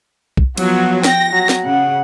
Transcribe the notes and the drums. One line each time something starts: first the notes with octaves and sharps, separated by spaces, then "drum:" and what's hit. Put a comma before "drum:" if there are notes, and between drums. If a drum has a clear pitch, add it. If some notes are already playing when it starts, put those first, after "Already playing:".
drum: kick
F3 F#3 B3, drum: cymbal
G5 A#6, drum: snare
F#3
drum: snare
C#3 F#5